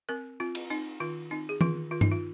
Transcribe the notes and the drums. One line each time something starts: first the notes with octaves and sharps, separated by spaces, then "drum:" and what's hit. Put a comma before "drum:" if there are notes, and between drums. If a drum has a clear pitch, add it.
C4 A#4
C4 F4
drum: cymbal
C4 D#4
D#3 F4
C4 D#4
G#4
D#3 F4, drum: tom
D#3 F4
D#4, drum: tom G2
F4